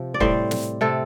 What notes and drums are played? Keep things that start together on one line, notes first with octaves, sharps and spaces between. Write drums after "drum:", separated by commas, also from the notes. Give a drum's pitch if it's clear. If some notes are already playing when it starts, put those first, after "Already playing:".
Already playing: C3 F3
D5
A2 G3 C4 C5, drum: kick
drum: snare
C3 A3 C4 A4